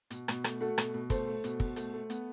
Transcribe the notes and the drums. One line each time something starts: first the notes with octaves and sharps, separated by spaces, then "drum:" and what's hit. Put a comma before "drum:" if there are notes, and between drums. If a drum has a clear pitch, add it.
B2, drum: hi-hat
B2, drum: rim click
A3, drum: rim click
A3 F#4 A4
B2, drum: rim click
B2
A3 A4 C5, drum: kick, hi-hat
A3
B2, drum: hi-hat
B2, drum: kick
A3, drum: hi-hat
A3
B3, drum: hi-hat